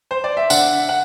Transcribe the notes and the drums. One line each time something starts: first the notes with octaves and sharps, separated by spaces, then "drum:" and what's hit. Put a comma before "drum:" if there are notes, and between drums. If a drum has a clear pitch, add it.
C5
D5
E5
D3 F#5, drum: tambourine
F#5